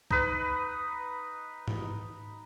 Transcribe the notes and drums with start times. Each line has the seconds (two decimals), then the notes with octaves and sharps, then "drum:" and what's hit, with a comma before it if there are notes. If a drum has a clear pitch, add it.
0.11 D#4 B4, drum: kick C2
1.68 drum: tom G#2